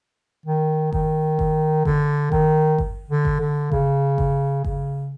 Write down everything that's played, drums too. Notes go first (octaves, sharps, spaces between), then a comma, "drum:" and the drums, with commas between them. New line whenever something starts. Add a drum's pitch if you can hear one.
D#3
D#3, drum: kick G1
drum: kick G1
D3, drum: kick G1
D#3, drum: kick G1
drum: kick G1
D3
drum: kick G1
D3
C#3, drum: kick G1
drum: kick G1
C#3, drum: kick G1